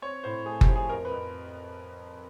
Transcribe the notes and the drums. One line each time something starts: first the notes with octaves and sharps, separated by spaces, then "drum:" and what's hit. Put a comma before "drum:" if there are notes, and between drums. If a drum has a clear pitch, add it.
C4 C#5
A2 C5
A3 G#4
G4, drum: kick F#1
F3
G#4
F2 A#4
B4
F2